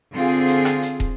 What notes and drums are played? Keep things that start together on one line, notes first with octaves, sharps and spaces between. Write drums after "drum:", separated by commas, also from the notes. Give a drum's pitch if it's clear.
D3 C4 F4 G#4
drum: hi-hat
drum: rim click
drum: hi-hat
drum: kick